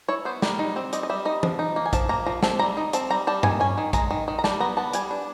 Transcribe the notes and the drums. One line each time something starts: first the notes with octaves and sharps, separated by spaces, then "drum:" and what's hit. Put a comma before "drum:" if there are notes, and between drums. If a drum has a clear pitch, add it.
E4 C#5
B3 C5
G3 A#4, drum: snare
D#4
C4
G3 D#5, drum: hi-hat
D#5
G3 E5
D#4 D#5
F3, drum: tom E3
D#4
A#3
G#5
F3 A5, drum: kick A#1, hi-hat
A#3 A#5
F3 A#5
C4 A5, drum: snare
G3 A#5
D#4
C4 A5, drum: hi-hat
G3 A#5
G3 A5
D#3 G#5, drum: tom G2
C#4 G#5
D#3
G#3 A#5, drum: kick A#1, hi-hat
D#3
D#3
A#5
G3 A5, drum: snare
B3 A#5
B3 A5
G3 G#5, drum: hi-hat
D4